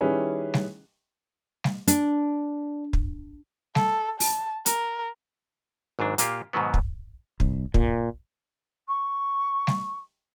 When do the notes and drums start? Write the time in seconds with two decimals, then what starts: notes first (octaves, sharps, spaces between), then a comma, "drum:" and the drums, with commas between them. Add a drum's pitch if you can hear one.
0.01 D#3 G3 C#4 E4 G#4 B4
0.54 drum: snare
1.64 drum: snare
1.88 D4, drum: hi-hat
2.93 drum: kick
3.75 A4, drum: snare
4.20 A5, drum: open hi-hat
4.66 A#4, drum: hi-hat
5.99 G#1 G#2 F#3 D4
6.18 A#2 A#3 F4 G4, drum: hi-hat
6.53 G#2 B2 D#3 F#3 B3
6.74 drum: kick
7.40 C2, drum: kick
7.74 A#2, drum: kick
8.88 C#6
9.67 drum: snare